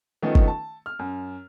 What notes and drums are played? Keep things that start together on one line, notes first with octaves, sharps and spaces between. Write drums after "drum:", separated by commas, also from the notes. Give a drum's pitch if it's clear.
D#3 F3 A3 B3 C#4 D#4
drum: kick
A5
F6
F#2